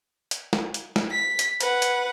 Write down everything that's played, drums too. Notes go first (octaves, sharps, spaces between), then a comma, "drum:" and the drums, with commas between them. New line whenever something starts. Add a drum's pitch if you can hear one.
drum: hi-hat
drum: snare
drum: hi-hat
drum: snare
B6
drum: hi-hat
B4 F#5, drum: hi-hat
drum: hi-hat